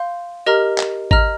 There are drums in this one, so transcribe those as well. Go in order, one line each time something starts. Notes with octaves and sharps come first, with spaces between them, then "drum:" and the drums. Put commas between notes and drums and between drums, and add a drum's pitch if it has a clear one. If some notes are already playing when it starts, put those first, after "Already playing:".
Already playing: F5 C6 G6
G4 A#4 D#5 A#5 F6
drum: clap
D#5 A#5 F6, drum: kick G#1